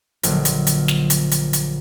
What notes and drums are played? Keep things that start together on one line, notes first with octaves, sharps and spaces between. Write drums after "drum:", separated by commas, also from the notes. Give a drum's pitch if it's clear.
A#1 D3 F#3, drum: hi-hat
drum: hi-hat
drum: hi-hat
drum: snare
drum: hi-hat
drum: hi-hat
drum: hi-hat